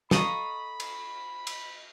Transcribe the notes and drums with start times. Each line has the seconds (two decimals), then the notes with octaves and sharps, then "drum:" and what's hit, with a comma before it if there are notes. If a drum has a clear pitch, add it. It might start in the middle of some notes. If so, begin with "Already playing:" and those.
0.11 A4 D#5 F5 A#5 B5 C#6 D#6, drum: snare
0.80 drum: cymbal
1.47 drum: cymbal